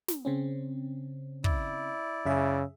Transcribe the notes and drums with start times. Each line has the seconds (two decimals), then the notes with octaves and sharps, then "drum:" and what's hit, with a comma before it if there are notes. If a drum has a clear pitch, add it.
0.08 drum: snare
0.25 C#3 C4 C#4
1.44 E4 D5, drum: kick
2.25 F#2 C#3 G#4 E5